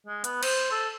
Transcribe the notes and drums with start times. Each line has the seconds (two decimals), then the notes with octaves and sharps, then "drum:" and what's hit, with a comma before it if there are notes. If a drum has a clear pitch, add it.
0.06 G#3
0.24 B3, drum: hi-hat
0.43 C5, drum: cymbal
0.71 A4